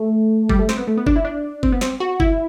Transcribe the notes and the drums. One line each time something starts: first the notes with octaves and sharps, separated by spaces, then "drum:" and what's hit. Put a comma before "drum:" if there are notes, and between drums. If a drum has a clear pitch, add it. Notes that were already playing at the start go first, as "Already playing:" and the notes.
Already playing: A3
G3, drum: kick F#1
A3
C4, drum: snare
B3
A3
B3
D4, drum: kick F#1
E4
D4
C4, drum: kick F#1
B3
C4, drum: snare
F#4
E4, drum: kick F#1